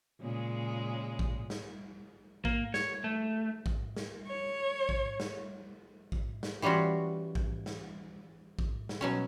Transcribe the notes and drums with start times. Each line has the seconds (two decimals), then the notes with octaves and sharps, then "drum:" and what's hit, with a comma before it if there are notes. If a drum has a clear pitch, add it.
0.21 A#2 C#3 G#3
1.19 drum: kick A1
1.50 drum: snare
2.45 A#3, drum: kick A1
2.74 C#5, drum: snare
3.04 A3
3.66 drum: kick A1
3.96 drum: snare
4.27 C#5
4.89 drum: kick A1
5.20 drum: snare
6.12 drum: kick A1
6.43 drum: snare
6.62 E3 G3 C#4 F4 F#4
7.35 drum: kick A1
7.66 drum: snare
8.59 drum: kick A1
8.89 drum: snare
9.01 B2 F#3 C#4